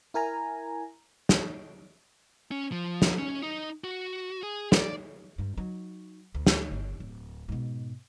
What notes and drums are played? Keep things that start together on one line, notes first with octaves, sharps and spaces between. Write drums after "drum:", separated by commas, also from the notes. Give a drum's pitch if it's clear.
E4 A#4 G#5 A#5
drum: snare
C#4
F3
drum: snare
C#4
D#4
F#4
G#4
D5, drum: snare
G2 G#3
F#3 D#4
D2
drum: snare
G1
D1
G#2 B2